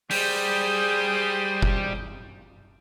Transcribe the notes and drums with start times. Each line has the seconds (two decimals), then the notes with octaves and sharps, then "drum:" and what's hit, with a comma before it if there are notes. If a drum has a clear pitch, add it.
0.11 G3 G#4 C5 D#6 G6, drum: open hi-hat
1.62 drum: kick F#1